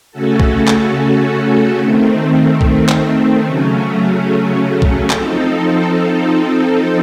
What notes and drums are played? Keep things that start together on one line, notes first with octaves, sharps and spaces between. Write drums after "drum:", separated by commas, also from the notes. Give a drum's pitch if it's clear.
C#3 A3 C#4 F#4 A4
drum: kick B1
drum: clap
D#3 A3 C4
drum: kick B1
drum: clap
C#3 F#3 A3 C#4
drum: kick B1
F3 C4 D#4 A4, drum: clap